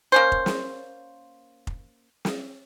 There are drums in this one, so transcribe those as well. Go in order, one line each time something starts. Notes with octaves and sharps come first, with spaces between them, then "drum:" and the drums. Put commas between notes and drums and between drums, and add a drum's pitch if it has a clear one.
A#3 C#4 C5
drum: kick F1
drum: snare
drum: kick F1
drum: snare